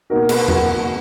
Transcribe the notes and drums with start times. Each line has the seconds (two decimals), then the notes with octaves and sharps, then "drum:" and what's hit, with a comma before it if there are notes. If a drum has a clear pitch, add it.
0.10 B2 A#3 D#4 F#4 A#4
0.29 G#4 B4, drum: cymbal
0.48 F#4 A#4, drum: tom E2